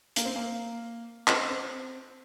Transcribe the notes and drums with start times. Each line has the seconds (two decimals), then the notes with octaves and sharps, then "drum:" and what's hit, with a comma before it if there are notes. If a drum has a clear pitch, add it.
0.16 A#3, drum: hi-hat
0.25 C4
0.36 A#3
1.27 C4, drum: clap
1.50 C4